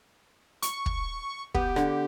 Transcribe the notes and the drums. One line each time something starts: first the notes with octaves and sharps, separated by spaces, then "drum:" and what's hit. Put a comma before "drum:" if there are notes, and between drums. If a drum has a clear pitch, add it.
C#6, drum: hi-hat
drum: kick
B3 G4, drum: kick
D3, drum: rim click